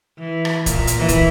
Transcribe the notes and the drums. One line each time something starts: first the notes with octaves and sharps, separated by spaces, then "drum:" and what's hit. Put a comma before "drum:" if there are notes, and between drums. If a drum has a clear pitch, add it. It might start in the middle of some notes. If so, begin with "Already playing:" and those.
E3
drum: rim click
A#2, drum: kick, hi-hat
drum: hi-hat
E3
drum: kick, hi-hat